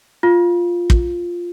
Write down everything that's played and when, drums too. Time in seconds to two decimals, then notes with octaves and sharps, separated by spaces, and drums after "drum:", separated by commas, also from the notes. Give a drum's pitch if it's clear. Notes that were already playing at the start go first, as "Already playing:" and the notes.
0.23 F4
0.90 drum: kick